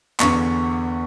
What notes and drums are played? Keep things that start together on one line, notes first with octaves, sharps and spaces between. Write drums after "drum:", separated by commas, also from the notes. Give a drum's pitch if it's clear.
E2 D3 C#6, drum: clap